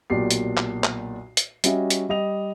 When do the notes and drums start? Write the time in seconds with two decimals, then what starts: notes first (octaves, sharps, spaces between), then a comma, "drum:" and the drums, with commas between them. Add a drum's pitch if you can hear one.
0.10 B1 A#2 G4 D5 C7
0.31 drum: hi-hat
0.57 drum: clap
0.84 drum: clap
1.37 drum: hi-hat
1.64 G3 C#4 F#4 D#5 E5, drum: hi-hat
1.90 drum: hi-hat
2.09 G3 D#5 F7